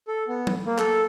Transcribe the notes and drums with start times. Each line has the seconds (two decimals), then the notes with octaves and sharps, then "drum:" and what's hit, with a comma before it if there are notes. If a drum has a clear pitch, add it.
0.08 A4
0.28 B3
0.47 drum: tom
0.66 A#3
0.78 A4, drum: clap